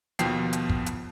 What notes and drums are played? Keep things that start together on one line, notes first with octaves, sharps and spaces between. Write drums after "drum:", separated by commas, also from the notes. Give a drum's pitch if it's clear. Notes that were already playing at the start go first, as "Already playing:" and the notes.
D#2 B2 F3 G5 C7, drum: hi-hat
drum: hi-hat
drum: kick
drum: hi-hat